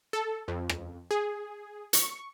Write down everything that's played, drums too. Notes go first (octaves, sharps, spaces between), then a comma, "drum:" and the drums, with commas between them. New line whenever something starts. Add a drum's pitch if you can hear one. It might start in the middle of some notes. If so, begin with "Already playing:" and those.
A4
F2
drum: rim click
G#4
C#6, drum: hi-hat